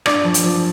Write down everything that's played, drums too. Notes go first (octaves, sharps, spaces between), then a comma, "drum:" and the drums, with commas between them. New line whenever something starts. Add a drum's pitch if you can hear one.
G2 D5, drum: rim click
F3
drum: hi-hat
F3